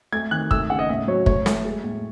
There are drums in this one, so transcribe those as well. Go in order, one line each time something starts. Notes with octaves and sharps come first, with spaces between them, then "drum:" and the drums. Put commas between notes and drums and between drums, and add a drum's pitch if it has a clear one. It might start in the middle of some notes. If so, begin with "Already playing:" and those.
A3 G#6
D#3 F#6
A3 E6, drum: kick
C#3 F#5
D#5
A2 E5
F#3 C#5
A3 C#5, drum: kick
A3, drum: snare
G#3
A2